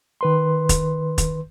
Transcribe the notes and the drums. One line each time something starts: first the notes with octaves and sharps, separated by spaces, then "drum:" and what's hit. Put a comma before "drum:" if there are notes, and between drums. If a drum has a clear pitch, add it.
D#3 B4 C6
drum: kick, hi-hat
drum: kick, hi-hat